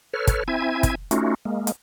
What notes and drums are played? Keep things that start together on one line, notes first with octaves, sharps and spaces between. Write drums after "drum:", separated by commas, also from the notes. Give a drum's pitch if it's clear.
A4 B4 C#5 F6
drum: kick, hi-hat
C4 E4 E5 G#5 G#6
drum: kick, hi-hat
A3 C#4 D#4 F4 F#4, drum: hi-hat
G#3 A#3
drum: hi-hat